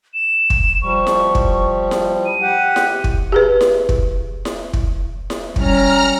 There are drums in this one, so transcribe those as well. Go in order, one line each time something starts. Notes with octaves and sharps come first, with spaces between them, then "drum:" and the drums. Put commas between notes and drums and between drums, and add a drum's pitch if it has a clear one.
E7
drum: kick
F3 G3 C#6
drum: snare E4
drum: kick
drum: snare E4
D#7
G4 F#5
drum: snare E4
drum: kick
G4 G#4 B4
drum: snare E4
drum: kick
drum: snare E4
drum: kick
drum: snare E4
G3 C#4 A#5 F6, drum: kick